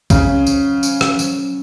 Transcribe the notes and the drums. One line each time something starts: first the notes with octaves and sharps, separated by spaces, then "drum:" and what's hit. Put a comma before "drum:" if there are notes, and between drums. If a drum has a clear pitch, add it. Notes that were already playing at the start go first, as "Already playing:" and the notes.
C#3 C#4, drum: kick, tambourine
F#3, drum: tambourine
C#4, drum: tambourine
drum: rim click
F#3, drum: tambourine